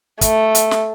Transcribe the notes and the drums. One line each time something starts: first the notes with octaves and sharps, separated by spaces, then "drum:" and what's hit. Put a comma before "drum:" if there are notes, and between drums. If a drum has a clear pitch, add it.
A3, drum: kick, hi-hat
drum: hi-hat
drum: snare